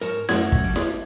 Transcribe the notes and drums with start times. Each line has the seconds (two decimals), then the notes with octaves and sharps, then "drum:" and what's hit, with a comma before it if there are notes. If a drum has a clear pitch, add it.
0.01 G#2 A#4 C#5 A5
0.29 F#2 A3 A#3 F#4 F#5 G#6, drum: snare E4
0.52 drum: kick
0.64 G3 A4
0.76 drum: snare E4